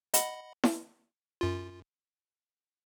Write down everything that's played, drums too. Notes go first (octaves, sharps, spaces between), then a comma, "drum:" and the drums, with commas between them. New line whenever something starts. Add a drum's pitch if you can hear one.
D#5 F#5 B5, drum: hi-hat
drum: snare E4
F#2 F4